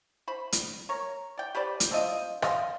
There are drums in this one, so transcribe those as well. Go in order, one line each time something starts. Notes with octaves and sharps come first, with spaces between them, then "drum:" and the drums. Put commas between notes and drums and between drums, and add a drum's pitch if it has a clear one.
C5 B5
drum: hi-hat
A#4 C#5
D5 G5
G4 B4 C5 D5
drum: hi-hat
C4 D4 F4 D#5
D5 D#5 F5 C6, drum: rim click